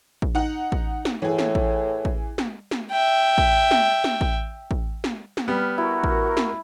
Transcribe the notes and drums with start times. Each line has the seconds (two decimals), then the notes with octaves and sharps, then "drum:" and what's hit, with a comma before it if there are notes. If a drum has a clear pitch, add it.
0.22 drum: kick A1
0.35 D#4 F#5
0.72 drum: kick A1
1.05 drum: snare
1.22 A2 E3 G#4
1.38 drum: snare
1.55 drum: kick A1
2.05 drum: kick A1
2.38 drum: snare
2.71 drum: snare
2.91 E5 G5
3.38 drum: kick A1
3.71 drum: snare
4.04 drum: snare
4.21 drum: kick A1
4.71 drum: kick A1
5.04 drum: snare
5.37 drum: snare
5.48 G3 B3 F6
5.78 E4 F#4 A#4
6.04 drum: kick A1
6.37 drum: snare